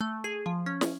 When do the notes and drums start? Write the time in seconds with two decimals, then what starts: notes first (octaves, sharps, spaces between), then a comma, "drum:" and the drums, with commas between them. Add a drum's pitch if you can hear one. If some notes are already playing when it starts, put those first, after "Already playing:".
0.01 A3
0.24 G#4
0.46 F3
0.66 C#4
0.81 drum: snare